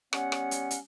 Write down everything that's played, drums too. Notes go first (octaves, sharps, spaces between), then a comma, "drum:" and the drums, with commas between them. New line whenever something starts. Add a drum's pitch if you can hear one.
G3 B3 C#4 C#5 F#5, drum: rim click
drum: rim click
drum: hi-hat
drum: hi-hat